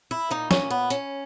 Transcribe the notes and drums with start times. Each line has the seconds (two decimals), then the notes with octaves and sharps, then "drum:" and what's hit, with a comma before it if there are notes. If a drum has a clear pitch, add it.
0.11 E4
0.31 A#2 D#4
0.51 C#4, drum: snare
0.70 B3
0.90 C#4, drum: hi-hat